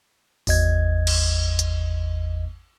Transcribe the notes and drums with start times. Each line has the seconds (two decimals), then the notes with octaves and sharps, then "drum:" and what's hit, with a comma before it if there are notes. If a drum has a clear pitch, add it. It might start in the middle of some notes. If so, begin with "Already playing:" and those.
0.47 G#1 E2 D#5 G#6, drum: open hi-hat
1.07 drum: cymbal
1.59 drum: hi-hat